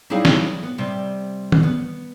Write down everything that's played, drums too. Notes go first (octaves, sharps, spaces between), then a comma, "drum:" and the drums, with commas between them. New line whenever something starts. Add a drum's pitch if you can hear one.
F#3 G3 D#4 E4 G#4 F5
drum: snare
B3
C3 G3
drum: tom D#3
B3